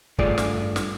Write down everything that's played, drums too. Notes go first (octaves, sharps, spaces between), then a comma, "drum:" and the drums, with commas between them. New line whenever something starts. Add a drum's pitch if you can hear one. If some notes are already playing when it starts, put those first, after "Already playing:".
G2 A3 F4 G#4 D5, drum: kick
drum: snare
drum: snare